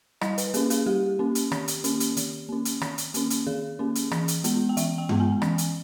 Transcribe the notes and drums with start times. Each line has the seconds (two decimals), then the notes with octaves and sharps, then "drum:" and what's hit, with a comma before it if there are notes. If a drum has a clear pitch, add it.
0.21 G3 D#5, drum: rim click
0.38 B4, drum: hi-hat
0.54 A#3 C#4 G#4, drum: hi-hat
0.70 G#4, drum: hi-hat
0.86 G3 G4
1.19 A#3 C#4
1.35 drum: hi-hat
1.52 D#3, drum: rim click
1.68 drum: hi-hat
1.84 A#3 C#4, drum: hi-hat
2.00 drum: hi-hat
2.17 D#3, drum: hi-hat
2.49 A#3 C#4
2.65 drum: hi-hat
2.81 D#3, drum: rim click
2.98 drum: hi-hat
3.14 A#3 C#4, drum: hi-hat
3.30 drum: hi-hat
3.47 D#3 G#4
3.79 A#3 C#4
3.95 drum: hi-hat
4.11 E3, drum: rim click
4.28 drum: hi-hat
4.44 G#3 B3, drum: hi-hat
4.69 G5
4.77 E3 E5, drum: hi-hat
4.98 G5
5.09 G#3 B3, drum: tom G2
5.20 G#5
5.42 E3, drum: rim click
5.58 drum: hi-hat